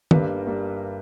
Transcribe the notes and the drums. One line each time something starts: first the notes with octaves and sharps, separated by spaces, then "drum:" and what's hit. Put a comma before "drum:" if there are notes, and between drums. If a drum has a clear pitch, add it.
G1 G2 G3 A#3 B4, drum: tom
G3 A#3